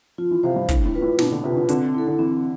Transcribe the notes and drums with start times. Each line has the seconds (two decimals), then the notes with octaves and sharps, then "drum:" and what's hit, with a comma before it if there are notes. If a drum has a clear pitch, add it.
0.18 F3 F4
0.31 E3
0.43 C3 C5 F5
0.56 G2
0.69 A2 D4, drum: kick, hi-hat
0.85 A2
0.94 F4 B4
1.02 A2
1.19 B2 D4, drum: snare
1.32 D3
1.44 C3 F4 B4
1.57 D3
1.69 D3 C4, drum: hi-hat
1.95 E4 A4
2.08 D3
2.19 E3 C4